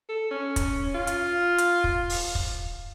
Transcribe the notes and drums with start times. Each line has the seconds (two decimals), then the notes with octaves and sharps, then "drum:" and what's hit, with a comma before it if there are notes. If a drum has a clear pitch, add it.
0.09 A4
0.31 C#4
0.56 drum: kick, hi-hat
0.95 F4
1.07 drum: hi-hat
1.58 drum: hi-hat
1.84 drum: kick
2.10 drum: open hi-hat
2.35 drum: kick